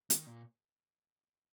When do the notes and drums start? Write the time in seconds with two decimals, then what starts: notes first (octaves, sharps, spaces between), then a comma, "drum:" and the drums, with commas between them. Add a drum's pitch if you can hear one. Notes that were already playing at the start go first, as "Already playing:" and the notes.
0.10 D#3, drum: hi-hat
0.26 A#2